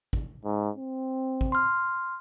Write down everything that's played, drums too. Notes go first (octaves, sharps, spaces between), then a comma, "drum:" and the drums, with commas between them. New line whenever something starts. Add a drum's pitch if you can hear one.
drum: kick
G#2
C4
drum: kick
C6 F6